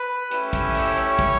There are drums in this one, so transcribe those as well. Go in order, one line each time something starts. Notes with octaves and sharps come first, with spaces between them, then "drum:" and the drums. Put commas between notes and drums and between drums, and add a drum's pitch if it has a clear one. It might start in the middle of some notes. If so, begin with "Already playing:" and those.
Already playing: B4
A3 C#4 E4 G4, drum: hi-hat
drum: kick, hi-hat
drum: open hi-hat
C#5, drum: hi-hat
drum: kick, hi-hat